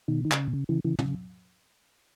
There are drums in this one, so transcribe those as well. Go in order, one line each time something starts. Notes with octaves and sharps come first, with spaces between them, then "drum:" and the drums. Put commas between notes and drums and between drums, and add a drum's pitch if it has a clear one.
B2 D#3
D#3
C#3, drum: clap
B2
C#3
C#3 E3
C#3 E3
C#3, drum: tom